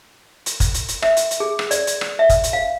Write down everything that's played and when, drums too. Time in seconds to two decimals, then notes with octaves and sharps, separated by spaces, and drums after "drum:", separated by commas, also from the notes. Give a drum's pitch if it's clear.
0.46 drum: hi-hat
0.60 drum: kick, hi-hat
0.74 drum: hi-hat
0.88 drum: hi-hat
1.02 E5, drum: rim click
1.17 drum: hi-hat
1.31 drum: hi-hat
1.40 G#4
1.59 drum: rim click
1.71 D5, drum: hi-hat
1.87 drum: hi-hat
2.01 drum: rim click
2.19 E5
2.29 drum: kick, hi-hat
2.44 drum: hi-hat
2.53 F5